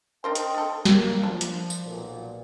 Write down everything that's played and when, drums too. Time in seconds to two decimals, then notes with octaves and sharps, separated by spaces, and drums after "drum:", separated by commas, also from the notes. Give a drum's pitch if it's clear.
0.24 D4 A#4 C5 D#5 G5
0.35 drum: hi-hat
0.54 A3 A4
0.85 A#3, drum: snare
1.24 F3 D4
1.41 drum: hi-hat
1.70 drum: tambourine
1.84 B1 A#2